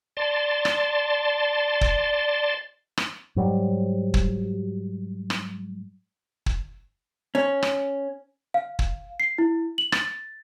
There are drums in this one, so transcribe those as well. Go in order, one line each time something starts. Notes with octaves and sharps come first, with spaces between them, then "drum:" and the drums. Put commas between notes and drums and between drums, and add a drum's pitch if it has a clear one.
D5 A5 C6
drum: rim click
drum: kick
drum: rim click
G#2 F#3 G3
drum: kick
drum: rim click
drum: kick
C#4
drum: rim click
F5
drum: kick
C7
E4
F#7
A6, drum: rim click